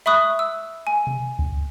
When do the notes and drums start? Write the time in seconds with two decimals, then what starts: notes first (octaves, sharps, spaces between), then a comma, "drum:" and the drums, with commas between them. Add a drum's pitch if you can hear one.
0.06 E5 B5 C#6 D#6 F#6
0.39 E6
0.87 G#5
1.07 drum: tom B2
1.39 drum: kick C#2